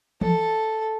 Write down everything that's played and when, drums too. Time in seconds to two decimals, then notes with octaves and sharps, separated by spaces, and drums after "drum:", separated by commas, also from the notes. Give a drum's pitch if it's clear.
0.21 A4, drum: tom E3